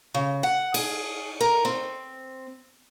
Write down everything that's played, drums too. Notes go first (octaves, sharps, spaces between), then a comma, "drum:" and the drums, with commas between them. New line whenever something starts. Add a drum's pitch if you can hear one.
C#3
F#5
G#4, drum: cymbal
A#4
C4